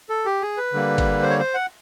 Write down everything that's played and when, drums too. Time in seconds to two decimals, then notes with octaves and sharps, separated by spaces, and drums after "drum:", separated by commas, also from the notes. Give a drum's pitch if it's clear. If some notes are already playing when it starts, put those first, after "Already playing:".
0.09 A4
0.26 G4
0.42 G#4
0.57 B4
0.73 D3 G3 A#3
0.98 drum: kick, cymbal
1.22 C5
1.30 C#5
1.39 C5
1.54 F#5